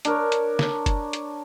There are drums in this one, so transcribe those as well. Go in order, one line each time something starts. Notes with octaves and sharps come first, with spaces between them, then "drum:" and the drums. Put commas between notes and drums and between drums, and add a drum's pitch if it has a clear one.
D4 A#4 C#5, drum: hi-hat
drum: hi-hat
drum: snare
drum: kick, hi-hat
drum: hi-hat